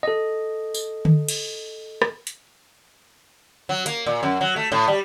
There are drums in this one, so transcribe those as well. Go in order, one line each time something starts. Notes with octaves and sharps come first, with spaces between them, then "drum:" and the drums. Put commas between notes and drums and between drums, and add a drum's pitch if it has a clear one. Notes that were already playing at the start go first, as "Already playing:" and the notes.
A4 D#5
drum: tambourine
drum: tom D3
drum: cymbal
drum: rim click
drum: hi-hat
F#3
A#3, drum: hi-hat
A#2
F#2
F#3
A3
A2
G3